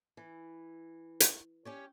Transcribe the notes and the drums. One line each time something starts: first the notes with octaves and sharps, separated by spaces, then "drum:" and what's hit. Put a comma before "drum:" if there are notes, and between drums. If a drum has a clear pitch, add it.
E3
drum: hi-hat
C#4 G4 C#5